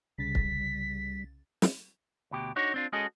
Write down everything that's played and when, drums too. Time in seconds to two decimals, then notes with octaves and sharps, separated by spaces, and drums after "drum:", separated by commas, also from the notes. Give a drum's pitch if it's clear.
0.18 C2 C#3 G3 A6 B6
0.35 drum: kick
1.62 drum: snare
2.31 D2 B2 G4
2.56 D4 D#4 F#4 C#5
2.74 C4 D4 F4
2.93 G#3 C#4 F#4 G#4 A4 D#5